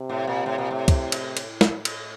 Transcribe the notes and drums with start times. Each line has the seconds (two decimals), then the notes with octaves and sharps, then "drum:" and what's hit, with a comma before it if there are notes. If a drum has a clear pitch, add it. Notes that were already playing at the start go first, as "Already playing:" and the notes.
Already playing: C3
0.09 A2
0.27 A#2
0.46 A2
0.58 A#2
0.71 A2
0.88 drum: kick, cymbal
1.12 drum: cymbal
1.37 drum: cymbal
1.61 drum: snare
1.85 drum: cymbal